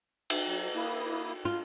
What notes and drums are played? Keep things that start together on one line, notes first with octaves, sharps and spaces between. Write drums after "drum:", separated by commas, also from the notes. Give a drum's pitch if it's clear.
drum: cymbal
F#3
A#3 E4 D#6
F4